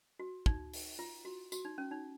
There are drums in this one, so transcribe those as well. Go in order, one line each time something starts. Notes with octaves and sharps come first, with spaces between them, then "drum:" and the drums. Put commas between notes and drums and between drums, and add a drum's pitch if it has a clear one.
F#4
D#4, drum: kick
drum: open hi-hat
F4
F#4
F#4, drum: tambourine
D#4
C#4
D#4